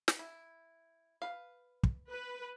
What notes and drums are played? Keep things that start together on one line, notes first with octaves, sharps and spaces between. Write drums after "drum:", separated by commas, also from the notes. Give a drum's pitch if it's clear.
drum: snare
E4
B4 F5
drum: kick
B4